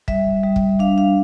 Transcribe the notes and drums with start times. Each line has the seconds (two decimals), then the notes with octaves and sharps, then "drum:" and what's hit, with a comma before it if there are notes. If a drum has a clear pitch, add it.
0.08 G3 E5, drum: kick
0.44 G3
0.56 drum: kick
0.79 D4 F5
0.98 F5